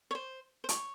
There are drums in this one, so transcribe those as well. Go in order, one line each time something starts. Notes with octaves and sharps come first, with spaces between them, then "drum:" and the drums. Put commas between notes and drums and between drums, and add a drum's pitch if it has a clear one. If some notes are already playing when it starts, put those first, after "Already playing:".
C#5
C5
C5
C#5, drum: hi-hat